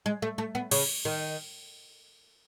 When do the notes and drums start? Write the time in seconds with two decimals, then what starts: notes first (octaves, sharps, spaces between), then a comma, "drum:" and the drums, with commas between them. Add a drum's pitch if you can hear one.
0.06 G#3
0.22 A3
0.38 A3
0.55 B3
0.71 C#3, drum: cymbal
1.05 D#3